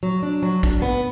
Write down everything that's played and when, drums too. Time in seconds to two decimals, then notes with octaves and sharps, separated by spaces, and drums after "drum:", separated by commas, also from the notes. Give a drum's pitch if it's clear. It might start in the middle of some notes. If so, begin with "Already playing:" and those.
0.03 F#3
0.23 D4
0.43 F#3
0.63 D4, drum: kick
0.82 B3